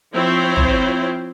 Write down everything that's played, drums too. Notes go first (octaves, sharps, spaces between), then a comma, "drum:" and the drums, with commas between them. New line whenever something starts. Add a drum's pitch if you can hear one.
F3 C4 E4 F4 C5 C#5
drum: tom A#1